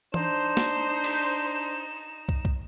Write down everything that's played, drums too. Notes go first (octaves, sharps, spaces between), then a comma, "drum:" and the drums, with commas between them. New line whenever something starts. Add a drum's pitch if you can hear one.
D4 D#4 C5 E7, drum: tom E3
drum: snare
drum: cymbal
drum: kick
drum: kick